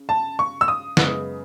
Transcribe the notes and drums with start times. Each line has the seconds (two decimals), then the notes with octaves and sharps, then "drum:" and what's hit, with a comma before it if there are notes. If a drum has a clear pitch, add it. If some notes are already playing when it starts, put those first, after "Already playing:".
Already playing: C#3
0.09 A5
0.39 C#6
0.61 E6
0.68 D#6
0.97 F#2 C#3 G#3 B3, drum: snare